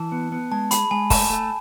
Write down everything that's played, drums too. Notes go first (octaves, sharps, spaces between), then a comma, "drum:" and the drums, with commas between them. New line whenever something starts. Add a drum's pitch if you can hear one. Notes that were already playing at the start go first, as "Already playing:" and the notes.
Already playing: E3 A5
B3
B3
G#3 A5
G#4 B5, drum: hi-hat
G#3 G#5
A3 A5, drum: kick, open hi-hat
A3